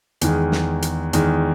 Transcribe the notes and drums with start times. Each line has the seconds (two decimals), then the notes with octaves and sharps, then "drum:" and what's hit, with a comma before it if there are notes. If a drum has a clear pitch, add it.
0.21 E2 D#3 G#3, drum: hi-hat
0.52 drum: snare
0.82 drum: hi-hat
1.13 E2 D#3 G#3, drum: hi-hat